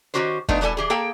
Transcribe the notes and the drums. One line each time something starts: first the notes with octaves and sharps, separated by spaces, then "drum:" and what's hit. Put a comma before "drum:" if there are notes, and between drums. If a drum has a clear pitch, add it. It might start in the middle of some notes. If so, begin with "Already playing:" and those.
D#3 E3 C#4 F#4 G4 C5
F3 A3 B3 D4 D#4, drum: kick
B2 G3 E4 A4 G#5
E3 G4 G#4
A#3 G#4 A4 G5